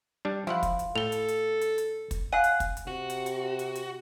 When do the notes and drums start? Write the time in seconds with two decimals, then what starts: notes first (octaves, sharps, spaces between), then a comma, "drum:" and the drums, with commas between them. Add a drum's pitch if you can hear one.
0.25 G3 D4
0.47 F3 E4 F4 F#5
0.63 drum: kick, hi-hat
0.79 drum: hi-hat
0.96 A2 A4 F7 G7
1.12 drum: hi-hat
1.28 drum: hi-hat
1.61 drum: hi-hat
1.78 drum: hi-hat
2.11 drum: kick, hi-hat
2.33 F5 F#5 G#5
2.44 drum: hi-hat
2.60 drum: kick, hi-hat
2.77 drum: hi-hat
2.87 C3 F#4
3.10 drum: hi-hat
3.26 drum: hi-hat
3.59 drum: hi-hat
3.75 drum: hi-hat